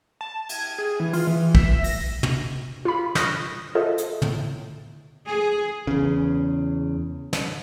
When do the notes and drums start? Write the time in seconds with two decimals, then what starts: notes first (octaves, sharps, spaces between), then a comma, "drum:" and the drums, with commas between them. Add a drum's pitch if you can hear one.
0.21 A5
0.49 G#6, drum: cymbal
0.78 G#4
1.00 E3
1.13 F4, drum: open hi-hat
1.27 E3
1.55 E5, drum: kick
1.84 A#6, drum: open hi-hat
2.23 drum: tom
2.85 F4 B5
3.15 C#6 D#6 F6 F#6 A#6, drum: snare
3.75 F4 G#4 A4 C5 D#5 E5
3.98 drum: hi-hat
4.22 A2, drum: tom
5.27 G#4
5.87 E2 C#3
7.33 drum: snare